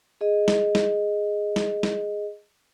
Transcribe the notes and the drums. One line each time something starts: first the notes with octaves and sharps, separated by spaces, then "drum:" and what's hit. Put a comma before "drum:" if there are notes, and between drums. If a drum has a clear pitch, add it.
G#4 D#5
drum: snare
drum: snare
drum: snare
drum: snare